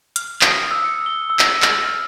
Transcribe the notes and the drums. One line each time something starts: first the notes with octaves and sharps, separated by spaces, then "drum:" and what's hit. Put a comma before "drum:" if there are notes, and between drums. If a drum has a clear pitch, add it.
F6, drum: hi-hat
D#6, drum: clap
E6
C#7
G7
E6
drum: clap
F6, drum: clap
F6